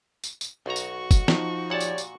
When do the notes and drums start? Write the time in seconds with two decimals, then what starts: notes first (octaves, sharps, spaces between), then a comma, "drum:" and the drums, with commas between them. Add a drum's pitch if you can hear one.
0.24 drum: tambourine
0.41 drum: tambourine
0.66 B1 F#4 A#5 C#6
0.76 drum: tambourine
1.11 drum: kick, tambourine
1.28 F3 D#4, drum: snare
1.70 A#2 G4 C#5 D5 F#5 A5
1.80 drum: tambourine
1.98 drum: tambourine